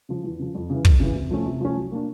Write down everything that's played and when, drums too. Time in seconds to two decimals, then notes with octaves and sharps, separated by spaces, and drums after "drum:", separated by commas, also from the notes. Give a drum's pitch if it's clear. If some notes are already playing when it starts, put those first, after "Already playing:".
0.09 C#3 F3
0.24 E2
0.39 C#3 F3
0.55 F2
0.70 C#3 E3
0.85 F2, drum: kick
1.00 C#3 E3
1.15 C3
1.31 F3 A3 C#4
1.46 C3
1.61 F3 A3 C#4
1.76 F#3
1.92 A#3 D4